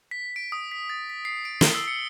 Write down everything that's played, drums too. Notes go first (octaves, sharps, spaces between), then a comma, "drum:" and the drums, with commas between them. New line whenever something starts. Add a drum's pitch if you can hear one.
B6
D7
D#6
B6
A6
B6
C7
D7
G7, drum: snare
E6
C#7